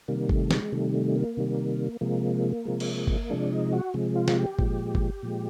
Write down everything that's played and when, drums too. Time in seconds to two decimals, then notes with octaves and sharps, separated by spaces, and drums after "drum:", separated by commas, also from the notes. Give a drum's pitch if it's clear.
0.08 C3 D#3 G3 A#3
0.29 A3, drum: kick G1
0.51 G#3, drum: snare
0.72 C3 D#3 G3 A3
0.94 A3
1.16 A#3
1.37 C3 D#3 G3
2.01 C3 F3 G#3 A#3
2.65 C3 F3 G#3
2.80 drum: cymbal
3.07 drum: kick G1
3.30 C3 F3 G#3 D4
3.51 D#4
3.73 F#4
3.94 C3 F3 G#3
4.16 F4
4.28 drum: snare
4.37 G4
4.59 A#2 F3 G#3, drum: kick G1
4.95 drum: kick G1
5.23 A#2 F3 G#3